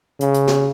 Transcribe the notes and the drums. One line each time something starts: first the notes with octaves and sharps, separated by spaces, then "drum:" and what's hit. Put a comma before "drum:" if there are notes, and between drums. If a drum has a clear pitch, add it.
C#3, drum: hi-hat
drum: hi-hat
drum: snare